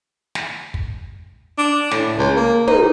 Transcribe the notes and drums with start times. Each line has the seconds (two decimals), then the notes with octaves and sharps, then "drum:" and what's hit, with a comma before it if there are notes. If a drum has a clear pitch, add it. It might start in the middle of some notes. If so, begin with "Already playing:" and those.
0.35 drum: snare
0.74 drum: kick
1.58 D4
1.92 A2, drum: snare
2.17 C#2
2.36 A#3
2.67 D#4, drum: tom